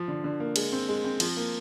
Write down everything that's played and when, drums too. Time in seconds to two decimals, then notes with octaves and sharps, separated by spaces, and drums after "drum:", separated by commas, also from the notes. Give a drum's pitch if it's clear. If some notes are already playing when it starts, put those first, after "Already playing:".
Already playing: F3
0.08 D3
0.24 D3
0.40 A#3
0.56 G#3, drum: cymbal
0.72 C4
0.88 G#3
1.04 C4
1.20 F3, drum: cymbal
1.37 A#3